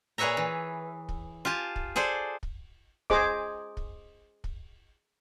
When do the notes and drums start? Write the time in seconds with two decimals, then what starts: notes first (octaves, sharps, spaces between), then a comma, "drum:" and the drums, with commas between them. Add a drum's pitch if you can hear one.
0.18 A#2 G#4 B4 C#5 E5 A#5
0.37 E3
1.09 drum: kick
1.45 F4 G4 G#5 A5
1.76 drum: kick
1.96 G#4 A4 C5 D5
2.43 drum: kick
3.10 G#4 C5 D#5 D6, drum: kick
3.77 drum: kick
4.44 drum: kick